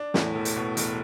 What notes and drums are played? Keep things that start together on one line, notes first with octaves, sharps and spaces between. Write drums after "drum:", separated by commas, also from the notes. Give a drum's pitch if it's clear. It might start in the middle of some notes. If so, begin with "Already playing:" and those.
Already playing: D4
E2 A2, drum: snare
E1
drum: hi-hat
B2
E1, drum: hi-hat